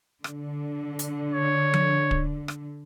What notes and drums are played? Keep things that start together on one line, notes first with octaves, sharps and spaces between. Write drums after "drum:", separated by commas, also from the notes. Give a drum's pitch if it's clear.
D3, drum: rim click
drum: hi-hat
C#5
drum: tom F3
drum: kick
drum: rim click